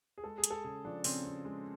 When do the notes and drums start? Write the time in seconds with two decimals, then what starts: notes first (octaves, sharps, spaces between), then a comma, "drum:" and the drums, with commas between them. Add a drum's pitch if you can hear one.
0.18 G#4
0.24 G#3 A4
0.38 G#4
0.44 G#3, drum: hi-hat
0.50 A4
0.64 C#3 G#4
0.85 F3 D4
1.04 C#3 C4, drum: open hi-hat
1.25 C4
1.45 G#3